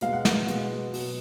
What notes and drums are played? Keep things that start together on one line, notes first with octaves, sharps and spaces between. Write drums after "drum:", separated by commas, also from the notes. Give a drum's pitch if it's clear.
B2 G#3 F5, drum: hi-hat
F#5
F#5, drum: snare
B2 G#3, drum: hi-hat
B2 F#3, drum: open hi-hat